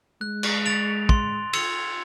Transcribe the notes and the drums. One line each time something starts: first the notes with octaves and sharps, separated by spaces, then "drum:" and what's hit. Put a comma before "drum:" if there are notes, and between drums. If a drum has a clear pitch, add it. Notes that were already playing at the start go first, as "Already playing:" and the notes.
G#3 F#6
drum: cymbal
A6 D7 F7
C6, drum: kick
E6 G#6 C#7 F7, drum: cymbal